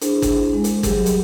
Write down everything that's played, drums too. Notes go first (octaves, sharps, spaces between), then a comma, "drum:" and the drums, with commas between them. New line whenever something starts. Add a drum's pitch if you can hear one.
D4 E4 G#4 C5, drum: hi-hat
drum: kick, hi-hat
G#3
drum: hi-hat
F#3 G3 G4 G#4, drum: kick, hi-hat
drum: hi-hat